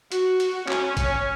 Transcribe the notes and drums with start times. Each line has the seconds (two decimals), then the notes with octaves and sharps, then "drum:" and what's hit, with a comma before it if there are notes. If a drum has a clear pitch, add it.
0.12 F#4, drum: hi-hat
0.40 drum: hi-hat
0.68 C#4, drum: clap
0.97 C#4, drum: kick, hi-hat